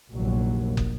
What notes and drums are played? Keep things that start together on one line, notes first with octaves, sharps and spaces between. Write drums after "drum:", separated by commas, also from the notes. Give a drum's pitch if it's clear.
F1 A#1 D#2 F#3
drum: kick